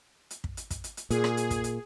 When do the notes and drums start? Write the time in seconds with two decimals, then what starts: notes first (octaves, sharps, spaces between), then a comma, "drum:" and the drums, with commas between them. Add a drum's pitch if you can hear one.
0.30 drum: hi-hat
0.44 drum: kick
0.57 drum: hi-hat
0.70 drum: kick, hi-hat
0.84 drum: hi-hat
0.97 drum: hi-hat
1.10 A#2 G#4, drum: hi-hat
1.24 drum: rim click
1.37 drum: hi-hat
1.51 drum: kick, hi-hat
1.64 drum: hi-hat